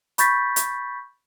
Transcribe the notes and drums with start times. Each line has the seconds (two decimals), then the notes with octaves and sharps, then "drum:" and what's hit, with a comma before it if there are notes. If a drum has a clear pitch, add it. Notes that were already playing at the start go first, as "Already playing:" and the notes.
0.18 B5 C#6 G6 A6 B6, drum: hi-hat
0.56 drum: hi-hat